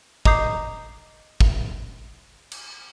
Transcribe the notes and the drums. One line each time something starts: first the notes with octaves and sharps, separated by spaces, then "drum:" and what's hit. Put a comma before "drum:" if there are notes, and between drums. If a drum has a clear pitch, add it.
D#5 A#5 D6 D#6 G6 C7, drum: kick
drum: kick
drum: cymbal